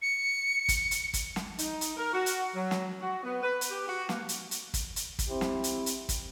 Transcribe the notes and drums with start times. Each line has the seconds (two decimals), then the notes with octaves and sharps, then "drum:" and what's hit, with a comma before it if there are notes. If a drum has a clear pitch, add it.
0.02 C#7
0.69 drum: kick, hi-hat
0.91 drum: hi-hat
1.14 drum: kick, hi-hat
1.36 drum: snare
1.59 D#4, drum: hi-hat
1.81 drum: hi-hat
1.96 A#4
2.13 F#4
2.26 drum: hi-hat
2.55 F#3
2.71 drum: snare
3.01 F#4
3.23 B3
3.43 B4
3.61 drum: hi-hat
3.70 G4
3.88 F#4
4.09 A#3, drum: snare
4.29 drum: hi-hat
4.51 drum: hi-hat
4.74 drum: kick, hi-hat
4.96 drum: hi-hat
5.19 drum: kick, hi-hat
5.28 C4 E4 G4 C5
5.41 drum: snare
5.64 drum: hi-hat
5.86 drum: hi-hat
6.09 drum: kick, hi-hat